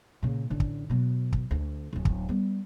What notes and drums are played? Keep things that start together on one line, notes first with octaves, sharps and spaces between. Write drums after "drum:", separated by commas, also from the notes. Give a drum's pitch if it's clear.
A#2 C#3
A1 D3
drum: kick
B2 F#3
drum: kick
D2
D1 F#2
drum: kick
G3 B3